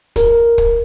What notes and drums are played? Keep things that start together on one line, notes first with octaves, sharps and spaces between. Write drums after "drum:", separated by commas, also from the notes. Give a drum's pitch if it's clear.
A#4, drum: kick, hi-hat
drum: kick